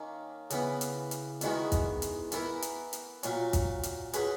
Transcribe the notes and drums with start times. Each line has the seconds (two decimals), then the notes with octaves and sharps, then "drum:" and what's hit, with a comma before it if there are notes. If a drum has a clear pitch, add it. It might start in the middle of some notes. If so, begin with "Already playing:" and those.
Already playing: D#3 A#3 C#4
0.50 C#3 E3 B3, drum: hi-hat
0.81 drum: hi-hat
1.11 drum: hi-hat
1.41 E2 D#3 G#3 B3 F#4, drum: hi-hat
1.72 drum: kick, hi-hat
2.02 drum: hi-hat
2.32 E3 B3 E4 A#4, drum: hi-hat
2.62 drum: hi-hat
2.93 drum: hi-hat
3.23 A#2 F#3 C#4, drum: hi-hat
3.53 drum: kick, hi-hat
3.83 drum: hi-hat
4.13 F#3 C#4 G#4 B4, drum: hi-hat